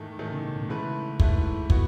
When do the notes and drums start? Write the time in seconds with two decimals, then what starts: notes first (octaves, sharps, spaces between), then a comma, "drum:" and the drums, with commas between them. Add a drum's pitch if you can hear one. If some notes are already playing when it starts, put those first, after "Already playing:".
Already playing: E2 G#2 D#3 A3
0.19 E2 A2 D#3 A3
0.32 C#3
0.44 B2
0.56 A2
0.69 G#2 C#3 E3 A3 E4 B4
1.20 G#2 E3 A3 E4 B4, drum: kick
1.70 D#3 E3 B3 F#4, drum: kick